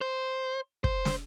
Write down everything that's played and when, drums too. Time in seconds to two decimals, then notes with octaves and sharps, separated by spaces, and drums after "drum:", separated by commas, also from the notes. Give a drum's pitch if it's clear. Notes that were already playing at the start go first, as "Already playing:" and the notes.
0.01 C5
0.84 C5, drum: kick
1.05 drum: snare